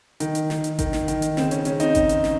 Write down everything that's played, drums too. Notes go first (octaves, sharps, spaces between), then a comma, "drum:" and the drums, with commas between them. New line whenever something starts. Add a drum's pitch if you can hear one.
D#3, drum: hi-hat
drum: hi-hat
D#3, drum: snare
drum: hi-hat
D#3, drum: kick G#1, hi-hat
drum: snare
D#3, drum: hi-hat
drum: hi-hat
C#3 C4, drum: snare
C#4, drum: hi-hat
C#3 C#4, drum: hi-hat
C4 D#4, drum: hi-hat
drum: kick G#1, hi-hat
drum: hi-hat
drum: snare